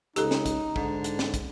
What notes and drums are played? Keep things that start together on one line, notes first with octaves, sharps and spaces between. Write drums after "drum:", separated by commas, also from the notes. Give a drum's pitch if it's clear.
C#2 D#4 G4 A4, drum: hi-hat
drum: snare
drum: kick, hi-hat
G#2 D3, drum: kick
drum: hi-hat
drum: snare
drum: kick, hi-hat